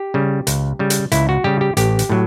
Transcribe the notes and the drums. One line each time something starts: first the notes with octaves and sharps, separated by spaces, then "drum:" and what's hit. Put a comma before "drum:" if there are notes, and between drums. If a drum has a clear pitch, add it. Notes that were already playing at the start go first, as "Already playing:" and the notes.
Already playing: G4
C#3 G3
C#2, drum: hi-hat
C#3 G3
drum: hi-hat
C#2 E4, drum: hi-hat
F#4
C#3 G3 G4
G4
A1 G4, drum: hi-hat
drum: hi-hat
A2 F#3